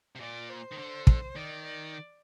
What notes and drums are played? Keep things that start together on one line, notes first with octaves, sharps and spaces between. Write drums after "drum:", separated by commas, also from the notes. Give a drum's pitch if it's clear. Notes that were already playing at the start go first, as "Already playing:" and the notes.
C3
A#2 D5
C5
D#3
D3
drum: kick
D#3 D5
D5